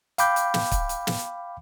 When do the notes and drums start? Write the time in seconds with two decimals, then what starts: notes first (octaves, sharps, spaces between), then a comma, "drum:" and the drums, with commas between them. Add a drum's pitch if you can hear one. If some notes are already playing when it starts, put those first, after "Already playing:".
0.18 F5 G5 B5 D6 G6, drum: hi-hat
0.36 drum: hi-hat
0.54 drum: snare
0.72 drum: kick C#1, hi-hat
0.89 drum: hi-hat
1.07 drum: snare